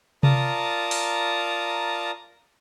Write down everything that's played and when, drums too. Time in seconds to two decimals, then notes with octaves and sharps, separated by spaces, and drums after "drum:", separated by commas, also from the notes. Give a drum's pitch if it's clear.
0.23 F4 A#4 D5 A5 A#5 D#6, drum: tom C3
0.91 drum: open hi-hat